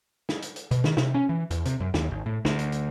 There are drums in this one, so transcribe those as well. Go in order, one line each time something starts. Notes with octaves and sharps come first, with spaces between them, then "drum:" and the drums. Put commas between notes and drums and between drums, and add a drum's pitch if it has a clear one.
drum: snare
drum: hi-hat
drum: hi-hat
B2, drum: hi-hat
D#3, drum: snare
C3, drum: snare
C#4
E3
E2, drum: hi-hat
C3, drum: hi-hat
F#2
D#2, drum: snare
G#1
A2
D2, drum: snare
drum: hi-hat
drum: hi-hat